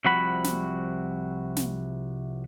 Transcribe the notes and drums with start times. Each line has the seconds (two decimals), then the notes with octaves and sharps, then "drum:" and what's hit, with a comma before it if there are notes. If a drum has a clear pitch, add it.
0.05 C2 C3 F3 F#4 F#5 B5
0.44 drum: snare
1.57 drum: snare